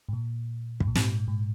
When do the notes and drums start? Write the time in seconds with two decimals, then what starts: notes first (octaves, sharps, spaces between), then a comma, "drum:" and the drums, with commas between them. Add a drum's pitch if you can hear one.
0.09 G#2
0.13 A#2
0.80 G#2, drum: kick
0.87 A#2
0.95 G#2, drum: snare
1.28 G#2